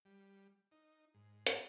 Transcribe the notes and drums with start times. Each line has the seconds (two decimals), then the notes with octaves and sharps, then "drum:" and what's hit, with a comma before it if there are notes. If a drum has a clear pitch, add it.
0.05 G3
0.71 D#4
1.14 G#2
1.47 drum: hi-hat